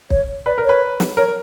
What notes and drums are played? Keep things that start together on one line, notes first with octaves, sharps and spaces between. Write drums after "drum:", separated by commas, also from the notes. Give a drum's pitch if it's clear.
C#5, drum: kick
B4 D5
A#4
B4 C#5
drum: snare
A#4 C#5